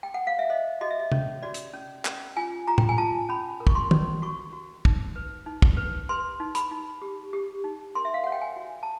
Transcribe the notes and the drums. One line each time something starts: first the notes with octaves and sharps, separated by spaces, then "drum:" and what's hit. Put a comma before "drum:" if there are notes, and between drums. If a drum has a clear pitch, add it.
G5
F#5
F5
E5
C5 D#5
F#4 D#5
E5
D#5
C#4 C#5, drum: tom
F#4 D5
drum: hi-hat
C#4
C#4, drum: clap
F4 G#5
F4 A#5
G5, drum: tom A2
G#5
F4 A5
C#4 B5
A#4
C#6, drum: kick
C6
C#4, drum: tom
F#4 C#6
F#4
D#4, drum: kick
B4
D#4
drum: kick
B4
B4 C6
D#4
B5, drum: hi-hat
D#4
G4
G4
D#4
A#4 C6
E5
F5
C#5 F#5
G5
G#5
F#4
A5